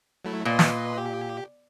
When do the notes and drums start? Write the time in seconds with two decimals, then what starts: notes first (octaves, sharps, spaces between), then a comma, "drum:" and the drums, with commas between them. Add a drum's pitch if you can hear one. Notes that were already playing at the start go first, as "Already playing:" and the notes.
0.25 F#3 A3 E4
0.45 A#2 B4 D#5 C6
0.59 drum: snare
0.98 G4